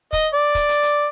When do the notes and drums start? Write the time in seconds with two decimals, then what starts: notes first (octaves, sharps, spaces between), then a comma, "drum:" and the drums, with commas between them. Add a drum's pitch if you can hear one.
0.13 D#5, drum: kick, hi-hat
0.34 D5
0.55 drum: kick, hi-hat
0.69 drum: hi-hat
0.83 drum: hi-hat